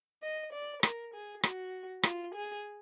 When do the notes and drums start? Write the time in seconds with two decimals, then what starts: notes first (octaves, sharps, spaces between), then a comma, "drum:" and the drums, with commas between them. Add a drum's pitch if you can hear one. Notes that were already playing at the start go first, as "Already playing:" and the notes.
0.23 D#5
0.53 D5
0.83 A#4, drum: rim click
1.14 G#4
1.43 F#4, drum: rim click
2.03 F4, drum: rim click
2.34 G#4